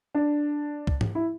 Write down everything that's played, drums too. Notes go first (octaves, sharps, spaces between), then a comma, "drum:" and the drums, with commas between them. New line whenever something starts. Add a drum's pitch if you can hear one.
D4
drum: kick
drum: tom G#2
E4